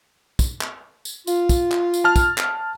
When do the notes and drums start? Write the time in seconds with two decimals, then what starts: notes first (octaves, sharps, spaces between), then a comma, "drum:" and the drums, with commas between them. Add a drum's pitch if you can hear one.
0.39 drum: kick, tambourine
0.61 drum: clap
1.05 drum: tambourine
1.27 F4, drum: tambourine
1.49 drum: kick, tambourine
1.72 drum: clap
1.94 drum: tambourine
2.04 A5 F6
2.16 drum: kick, tambourine
2.38 drum: clap